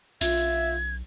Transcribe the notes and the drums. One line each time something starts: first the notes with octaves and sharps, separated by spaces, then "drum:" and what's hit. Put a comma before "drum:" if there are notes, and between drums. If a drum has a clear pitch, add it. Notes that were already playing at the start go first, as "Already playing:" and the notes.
B1 F4 E5 G#6, drum: hi-hat